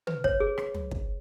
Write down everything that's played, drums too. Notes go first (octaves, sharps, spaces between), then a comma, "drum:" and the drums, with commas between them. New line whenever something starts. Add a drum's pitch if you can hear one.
B4, drum: tom
C#5, drum: kick
G#4
drum: rim click
drum: tom
drum: kick